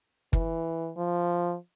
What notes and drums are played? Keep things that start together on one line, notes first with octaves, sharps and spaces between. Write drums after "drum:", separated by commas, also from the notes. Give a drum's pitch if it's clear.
E3, drum: kick
F3